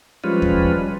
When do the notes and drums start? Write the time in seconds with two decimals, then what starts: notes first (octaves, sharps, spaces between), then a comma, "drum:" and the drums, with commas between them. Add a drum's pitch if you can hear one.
0.24 F3 G3 G#3 C#4 F4 B4
0.42 drum: kick D#2